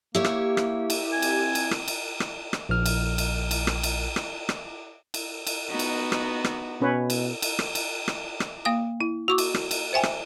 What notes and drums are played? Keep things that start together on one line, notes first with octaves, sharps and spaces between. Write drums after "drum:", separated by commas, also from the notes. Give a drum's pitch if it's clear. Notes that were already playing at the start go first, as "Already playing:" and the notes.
A#3 E4 G4 C#5
drum: rim click
drum: rim click
drum: cymbal
C4 G#5
drum: cymbal
drum: cymbal
drum: rim click
drum: cymbal
drum: rim click
drum: rim click
A#1 F6
drum: cymbal
drum: cymbal
drum: cymbal
drum: rim click
drum: cymbal
drum: rim click
drum: rim click
drum: cymbal
drum: cymbal
B3 D#4 F#4
drum: cymbal
drum: rim click
drum: rim click
B2 C#4 B4 C#5
drum: cymbal
drum: cymbal
drum: rim click
drum: cymbal
drum: rim click
drum: rim click
A#3 F5 D#6
E4
F#4 C#6 D6
drum: cymbal
drum: rim click
drum: cymbal
C5 E5 G5 G#5
drum: rim click